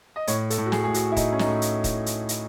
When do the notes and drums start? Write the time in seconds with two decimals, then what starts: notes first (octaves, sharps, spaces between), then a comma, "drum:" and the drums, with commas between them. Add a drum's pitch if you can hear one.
0.16 D#5
0.27 A2 C#5, drum: hi-hat
0.50 A4, drum: hi-hat
0.58 A2
0.66 F#4
0.72 G#4, drum: snare
0.84 A2 G#4
0.94 F#4, drum: hi-hat
1.12 E4
1.17 A2 D#4, drum: kick, hi-hat
1.32 C#4
1.39 D#4, drum: snare
1.47 A2
1.62 drum: hi-hat
1.84 drum: kick, hi-hat
2.06 drum: hi-hat
2.29 drum: hi-hat